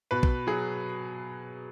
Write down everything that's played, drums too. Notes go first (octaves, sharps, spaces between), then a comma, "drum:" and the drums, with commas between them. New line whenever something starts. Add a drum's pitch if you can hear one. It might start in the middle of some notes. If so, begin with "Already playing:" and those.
B2 B4
drum: kick B1
F#3 G#4